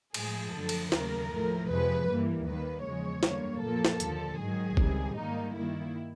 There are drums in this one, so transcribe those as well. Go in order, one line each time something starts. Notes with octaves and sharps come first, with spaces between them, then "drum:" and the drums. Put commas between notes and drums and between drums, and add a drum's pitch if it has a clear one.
A2 F3 G#3 G#4, drum: cymbal
F#2 D3 F3 A3 A4
drum: cymbal
D#2 C#3 F#3 A3 A#4, drum: snare
A2 F3 A3
F2 C3 F3 G#3 B4
G2 E3 G3 A#3
D#2 D#3 G3 A#3 B4
E2 C#3 F3 G#3 C#5
F#2 D3 G3 A#3, drum: snare
A#2 F3 A#3 A4
drum: snare
D#2 D3 F3, drum: hi-hat
G#2 D#3 F#3 G#4
C#2 C3 D#3 G3, drum: kick G1
G#2 D#3 G3 A#3 D#4
G2 D#3 G3 A#3 E4